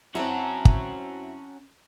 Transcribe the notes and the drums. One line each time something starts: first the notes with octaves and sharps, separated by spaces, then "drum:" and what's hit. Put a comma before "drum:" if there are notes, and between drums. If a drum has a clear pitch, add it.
C4 C#4 E4 F#4 A5 A#5
drum: kick